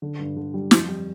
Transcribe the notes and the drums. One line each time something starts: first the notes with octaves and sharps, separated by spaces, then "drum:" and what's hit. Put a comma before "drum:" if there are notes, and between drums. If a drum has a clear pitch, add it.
D3
G2
D3
G3
F2, drum: snare
G3